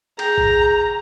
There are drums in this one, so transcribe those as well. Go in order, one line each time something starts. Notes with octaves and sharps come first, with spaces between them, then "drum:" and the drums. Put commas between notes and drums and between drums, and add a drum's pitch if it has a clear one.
G#4 G5 A#5, drum: cymbal
drum: kick G#1